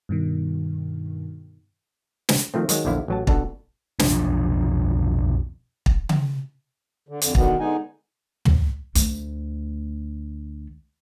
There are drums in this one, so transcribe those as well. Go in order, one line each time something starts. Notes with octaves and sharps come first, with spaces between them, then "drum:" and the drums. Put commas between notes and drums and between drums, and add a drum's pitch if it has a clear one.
G2 B2 D#3
drum: snare
D#3 F3 A3 C4
D#3 F#3 G#3, drum: hi-hat
A#1 E2 D3 E4 F5
A1 F#3 A5
B2 D4 A4 F#5, drum: kick
F1 B1 F3 D4, drum: snare
drum: kick
drum: tom C#3
D3
F2 D3, drum: hi-hat
B2 D3 D#3 B3, drum: kick
D3 G#3 B3 D#4 G#5
drum: tom
D2 A3, drum: hi-hat